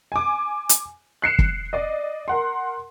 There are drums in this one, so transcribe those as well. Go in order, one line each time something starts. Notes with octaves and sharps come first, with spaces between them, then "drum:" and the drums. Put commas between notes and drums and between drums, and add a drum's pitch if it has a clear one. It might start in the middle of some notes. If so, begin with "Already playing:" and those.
G#5 D6
drum: hi-hat
F#6 C7 C#7 E7
drum: kick
D5 D#5
A#4 F#5 C6